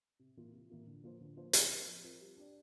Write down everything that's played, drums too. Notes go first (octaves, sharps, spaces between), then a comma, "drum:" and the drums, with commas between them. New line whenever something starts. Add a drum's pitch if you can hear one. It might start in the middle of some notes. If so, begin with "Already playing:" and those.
C3
E3 A#3 F4
C3
E3 A#3 F4
D3
F3 A#3 F4 C5
D3
F3 A#3 F4 C5
F3, drum: hi-hat
C4 F4 A#4
F3
C4 F4 A#4
G3
D4 G4 D5